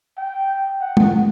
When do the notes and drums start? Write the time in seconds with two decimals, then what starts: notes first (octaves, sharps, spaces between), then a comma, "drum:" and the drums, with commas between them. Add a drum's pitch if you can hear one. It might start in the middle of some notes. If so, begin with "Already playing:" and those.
0.18 G5
0.81 F#5
0.97 drum: tom